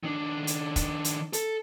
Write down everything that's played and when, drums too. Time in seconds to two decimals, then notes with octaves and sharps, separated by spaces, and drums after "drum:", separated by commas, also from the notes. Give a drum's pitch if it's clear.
0.03 D#3 D4
0.47 drum: hi-hat
0.76 drum: kick, hi-hat
1.04 drum: hi-hat
1.33 A4, drum: hi-hat